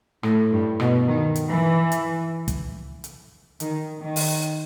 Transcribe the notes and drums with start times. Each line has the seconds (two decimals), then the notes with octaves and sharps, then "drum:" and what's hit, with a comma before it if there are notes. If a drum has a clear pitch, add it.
0.23 A2, drum: rim click
0.52 G2
0.80 B2, drum: rim click
1.07 D#3
1.35 drum: hi-hat
1.50 E3
1.92 drum: hi-hat
2.48 drum: kick, hi-hat
3.04 drum: hi-hat
3.60 D#3, drum: hi-hat
4.01 D#3
4.16 drum: open hi-hat